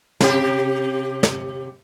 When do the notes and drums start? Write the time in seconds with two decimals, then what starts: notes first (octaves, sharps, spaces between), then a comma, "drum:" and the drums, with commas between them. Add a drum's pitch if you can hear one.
0.20 C3 G4, drum: snare
1.23 drum: snare